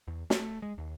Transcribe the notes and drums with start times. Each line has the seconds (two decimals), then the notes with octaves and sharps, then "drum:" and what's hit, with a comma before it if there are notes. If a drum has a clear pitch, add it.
0.08 E2
0.30 A3, drum: snare
0.62 G#3
0.78 D#2